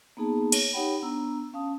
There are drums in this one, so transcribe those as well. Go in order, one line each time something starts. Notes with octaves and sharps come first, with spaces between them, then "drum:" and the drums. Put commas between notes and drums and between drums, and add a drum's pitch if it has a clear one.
A#3 B3 D#4 G#4 A5
C#5, drum: cymbal
D#4 G4 C#5 F#5 G5 B5
B3 D4 A#5 E6
C#4 F5 A5 D#6